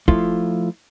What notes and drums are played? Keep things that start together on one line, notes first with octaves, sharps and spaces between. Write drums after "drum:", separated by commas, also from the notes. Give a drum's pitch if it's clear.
F3 A3 E4 F4, drum: kick